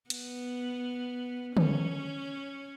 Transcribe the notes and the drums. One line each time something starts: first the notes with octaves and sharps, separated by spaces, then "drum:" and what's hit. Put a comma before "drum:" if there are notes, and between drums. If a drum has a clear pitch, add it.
B3, drum: hi-hat
C#4, drum: tom